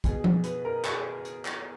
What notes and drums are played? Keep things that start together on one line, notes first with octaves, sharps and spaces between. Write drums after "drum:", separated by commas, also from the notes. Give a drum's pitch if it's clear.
B2 G#4, drum: kick, hi-hat
drum: tom F3
B4, drum: hi-hat
A#4
G#4, drum: clap
drum: hi-hat
drum: clap